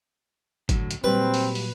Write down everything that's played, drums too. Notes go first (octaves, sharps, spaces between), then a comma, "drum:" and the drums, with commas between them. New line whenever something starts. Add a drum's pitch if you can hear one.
A2 D3 F#3, drum: kick G1, hi-hat
drum: hi-hat
A#2 F#3 G3 C4 B4
drum: open hi-hat
drum: open hi-hat